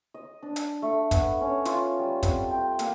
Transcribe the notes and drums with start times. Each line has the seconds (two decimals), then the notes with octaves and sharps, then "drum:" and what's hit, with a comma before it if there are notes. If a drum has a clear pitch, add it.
0.14 D#5
0.43 D4
0.56 drum: hi-hat
0.82 A3
1.11 B3, drum: kick, hi-hat
1.41 C#4
1.65 F4, drum: hi-hat
1.99 G3
2.23 C4, drum: kick, hi-hat
2.51 G5
2.79 A#3, drum: hi-hat